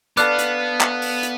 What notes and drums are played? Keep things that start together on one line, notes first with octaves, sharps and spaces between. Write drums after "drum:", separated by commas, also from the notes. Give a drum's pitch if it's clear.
B3 D4 A4 B4 F5 D6 F6 F#6, drum: hi-hat
drum: hi-hat
drum: clap
drum: open hi-hat
drum: hi-hat